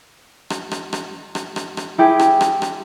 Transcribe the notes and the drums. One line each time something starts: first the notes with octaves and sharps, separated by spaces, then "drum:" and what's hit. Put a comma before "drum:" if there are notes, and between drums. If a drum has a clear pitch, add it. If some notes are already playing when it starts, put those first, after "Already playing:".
drum: rim click
drum: rim click
drum: rim click
drum: rim click
drum: rim click
drum: rim click
E4 G4 G#4
drum: rim click
drum: rim click
drum: rim click